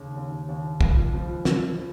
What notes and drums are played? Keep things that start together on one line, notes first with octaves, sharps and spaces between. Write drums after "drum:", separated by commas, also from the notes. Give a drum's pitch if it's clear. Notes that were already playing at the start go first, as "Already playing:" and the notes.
Already playing: D#2 C#3
D#2
D#2
C#2, drum: kick
F3
F3, drum: snare